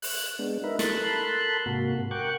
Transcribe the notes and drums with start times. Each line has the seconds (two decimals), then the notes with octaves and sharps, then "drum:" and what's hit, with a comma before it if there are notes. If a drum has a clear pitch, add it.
0.02 F#6, drum: open hi-hat
0.39 G#3 B3 D4
0.64 D#4 A#4 B4 E5
0.79 A4 A#4 A5 B5 C6 F#6, drum: snare
1.66 G#2 C3 A#3 F#4
2.11 A#4 F#5 G5 C#6 D6 F#6